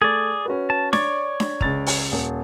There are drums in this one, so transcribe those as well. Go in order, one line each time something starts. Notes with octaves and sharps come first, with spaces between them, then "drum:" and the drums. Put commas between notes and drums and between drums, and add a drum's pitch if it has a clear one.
A3 G#4 D5
C#4 F#4 B4
A5
C#5 D5 C#6 A6, drum: snare D4
drum: snare D4
C#2 A6 F7, drum: kick
drum: open hi-hat
D#1